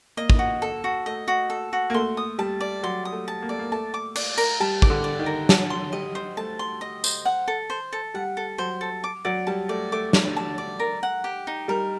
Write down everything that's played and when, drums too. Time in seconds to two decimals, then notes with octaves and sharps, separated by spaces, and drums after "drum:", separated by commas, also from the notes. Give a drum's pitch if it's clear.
0.17 A#3 D#5
0.30 drum: kick
0.39 F#4
0.62 A4
0.84 F#4
1.06 A3 D#5
1.28 F#4
1.50 A4
1.73 F#4
1.90 A#3
1.94 A3 C6
2.17 D#6
2.38 G3 A5
2.61 D5
2.83 F#3 C6
3.05 D#6
3.12 A3
3.28 A5
3.42 A#3
3.49 A3 D5
3.59 A#3
3.72 A3 A5
3.94 D6
4.16 D5, drum: cymbal
4.37 A#4, drum: cymbal
4.60 G3 A5
4.82 D6, drum: kick
4.90 D3
5.04 D5
5.19 D#3
5.26 A#4
5.49 F#3 A5, drum: snare
5.70 C6
5.93 G3 D#5
6.15 C5
6.37 A3 A5
6.59 C6
6.81 D#5
7.04 C5, drum: tambourine
7.25 F#5
7.48 A4
7.70 C5
7.93 A4
8.14 G3 F#5
8.37 A4
8.58 F#3 C5
8.81 A4
9.04 D6
9.25 F#3 D5
9.47 G3 A5
9.69 A3 D5
9.92 A3 D6
10.13 D5, drum: snare
10.36 A5
10.58 D5
10.80 A#4
11.03 F#5
11.24 G4
11.47 D#4
11.68 G3 A#4